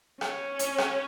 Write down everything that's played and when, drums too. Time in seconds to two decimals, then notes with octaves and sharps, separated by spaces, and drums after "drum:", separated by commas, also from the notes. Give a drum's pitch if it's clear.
0.21 C#4, drum: rim click
0.59 drum: hi-hat
0.78 drum: rim click